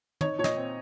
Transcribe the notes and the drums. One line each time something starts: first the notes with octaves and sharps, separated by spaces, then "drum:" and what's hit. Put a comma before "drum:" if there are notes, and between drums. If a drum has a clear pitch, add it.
D#4 C#5, drum: tom
A#2 C#5
D#5, drum: snare
C4